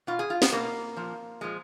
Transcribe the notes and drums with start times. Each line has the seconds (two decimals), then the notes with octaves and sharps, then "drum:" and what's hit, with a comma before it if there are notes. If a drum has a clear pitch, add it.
0.07 B2 F4
0.19 G#4
0.30 F4
0.42 B3, drum: snare
0.52 B2 A#3
0.97 A#2 F3
1.41 A#2 F3 G#3